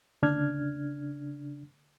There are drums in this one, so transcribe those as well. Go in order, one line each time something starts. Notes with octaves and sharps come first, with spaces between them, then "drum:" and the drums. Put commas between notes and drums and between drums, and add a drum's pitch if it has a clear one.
C#3 D4 F6 G#6, drum: tom D3